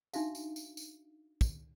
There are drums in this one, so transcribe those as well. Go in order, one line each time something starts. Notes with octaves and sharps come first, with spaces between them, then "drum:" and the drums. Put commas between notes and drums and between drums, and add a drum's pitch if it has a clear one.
D4 D#4 F#4 E5 F5, drum: tambourine
drum: tambourine
drum: tambourine
drum: tambourine
drum: kick, tambourine